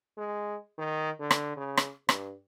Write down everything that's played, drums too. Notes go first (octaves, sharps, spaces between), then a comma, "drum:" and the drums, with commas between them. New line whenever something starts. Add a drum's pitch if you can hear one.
G#3
D#3
D3
drum: rim click
C#3
drum: rim click
G2, drum: rim click